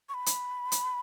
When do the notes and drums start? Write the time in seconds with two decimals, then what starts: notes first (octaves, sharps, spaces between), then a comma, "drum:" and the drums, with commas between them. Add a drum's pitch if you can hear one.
0.09 C#6
0.14 B5
0.26 drum: hi-hat
0.72 drum: hi-hat